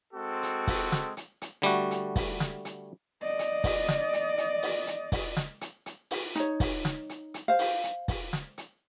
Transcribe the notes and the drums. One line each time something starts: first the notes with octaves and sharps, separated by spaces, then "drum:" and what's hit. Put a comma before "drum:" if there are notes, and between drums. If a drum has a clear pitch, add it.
G#3 C4 F#4 A4
drum: hi-hat
drum: kick, open hi-hat
drum: snare
drum: hi-hat
drum: hi-hat
D3 G3 A3 F#4
drum: hi-hat
drum: kick, open hi-hat
drum: snare
drum: hi-hat
D5 D#5
drum: hi-hat
drum: kick, open hi-hat
drum: snare
drum: hi-hat
drum: hi-hat
drum: open hi-hat
drum: hi-hat
drum: kick, open hi-hat
drum: snare
drum: hi-hat
drum: hi-hat
drum: open hi-hat
D#4 C#5, drum: hi-hat
drum: kick, open hi-hat
drum: snare
drum: hi-hat
drum: hi-hat
C5 F5
drum: open hi-hat
drum: hi-hat
drum: kick, open hi-hat
drum: snare
drum: hi-hat